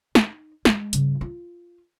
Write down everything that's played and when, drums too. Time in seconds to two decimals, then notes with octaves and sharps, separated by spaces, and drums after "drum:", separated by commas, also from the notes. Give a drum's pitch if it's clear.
0.15 D#4, drum: snare
0.65 G#3, drum: snare
0.93 G2 C#3, drum: hi-hat
1.21 F4